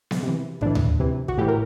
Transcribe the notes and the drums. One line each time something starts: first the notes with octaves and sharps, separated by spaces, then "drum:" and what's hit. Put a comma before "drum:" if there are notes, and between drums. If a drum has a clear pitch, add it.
drum: snare B3
C3 E3
A2 E3 D4, drum: kick
drum: tom D2
C3 E3
F#4, drum: kick
A2 E3 G4
A#4